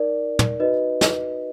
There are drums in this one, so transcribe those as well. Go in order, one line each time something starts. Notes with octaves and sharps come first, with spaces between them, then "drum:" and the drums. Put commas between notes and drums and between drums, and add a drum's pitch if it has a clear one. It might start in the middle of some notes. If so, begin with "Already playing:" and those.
Already playing: D#4 A#4 D5
drum: tom
D#4 F#4 B4 D#5
drum: snare